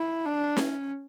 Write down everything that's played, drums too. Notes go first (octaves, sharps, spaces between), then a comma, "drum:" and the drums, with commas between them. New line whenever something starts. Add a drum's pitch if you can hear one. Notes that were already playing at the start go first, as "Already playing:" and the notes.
Already playing: E4
D4
C#4, drum: snare